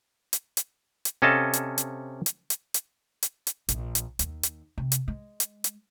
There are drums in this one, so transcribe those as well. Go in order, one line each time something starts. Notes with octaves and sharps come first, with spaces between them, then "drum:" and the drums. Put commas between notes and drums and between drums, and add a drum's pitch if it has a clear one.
drum: hi-hat
drum: hi-hat
drum: hi-hat
C3 C#4 A4 D#5 F5 A5
drum: hi-hat
drum: hi-hat
drum: hi-hat
drum: hi-hat
drum: hi-hat
drum: hi-hat
drum: hi-hat
A#1, drum: hi-hat
drum: hi-hat
D#2, drum: hi-hat
drum: hi-hat
C3
drum: hi-hat
G#3
drum: hi-hat
drum: hi-hat